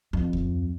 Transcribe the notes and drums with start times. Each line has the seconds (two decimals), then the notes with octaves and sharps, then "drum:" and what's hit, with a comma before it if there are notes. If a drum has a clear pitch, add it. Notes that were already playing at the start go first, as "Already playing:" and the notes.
0.13 F2
0.33 drum: kick D2